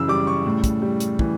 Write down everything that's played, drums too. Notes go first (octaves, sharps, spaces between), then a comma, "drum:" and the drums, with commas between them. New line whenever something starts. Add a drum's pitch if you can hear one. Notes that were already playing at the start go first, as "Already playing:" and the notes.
Already playing: F#2 C#3 E3 E6
G3 D6
C#6
A2
drum: kick, hi-hat
G3
drum: hi-hat
E3, drum: kick